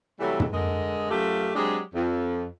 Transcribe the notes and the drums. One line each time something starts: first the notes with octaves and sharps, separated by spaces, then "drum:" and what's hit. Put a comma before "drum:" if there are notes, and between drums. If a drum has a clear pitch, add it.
C3 E3 F#3 G3 A3
drum: tom
D3 G#3 A#4 D#5
F#2 A3 F4 G4
F#3 G#3 C4 D4 G4 G#4
F2